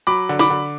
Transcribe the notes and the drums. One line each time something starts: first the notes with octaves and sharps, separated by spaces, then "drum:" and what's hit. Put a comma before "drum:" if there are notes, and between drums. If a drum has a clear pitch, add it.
F#3 B5 D6
D3
B5 D6, drum: snare
D3